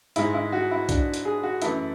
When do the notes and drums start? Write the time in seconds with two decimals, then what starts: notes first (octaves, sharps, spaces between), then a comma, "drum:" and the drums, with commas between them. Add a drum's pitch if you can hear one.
0.16 G#2 G#3 E4, drum: hi-hat
0.34 E4
0.52 F#4
0.71 E4
0.89 D4, drum: kick, hi-hat
1.14 drum: hi-hat
1.25 G#4
1.43 F#4
1.62 F#2 E3 A3 E4, drum: hi-hat